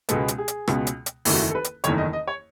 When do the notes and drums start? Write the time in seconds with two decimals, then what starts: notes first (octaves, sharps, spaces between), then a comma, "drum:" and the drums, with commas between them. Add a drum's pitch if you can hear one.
0.09 C#2 B2 G#3 B3 A4, drum: hi-hat
0.28 drum: hi-hat
0.38 G#4
0.48 drum: hi-hat
0.68 C#2 B2 G#3 B3, drum: rim click
0.87 drum: hi-hat
1.06 drum: hi-hat
1.25 F#1 E2 D#3 A3 E4, drum: open hi-hat
1.33 F#4
1.39 E4
1.50 A4
1.55 B4
1.64 drum: hi-hat
1.84 F#1 E2 D#3 A3 C#5, drum: hi-hat
1.98 D#5
2.13 D#5
2.27 C#5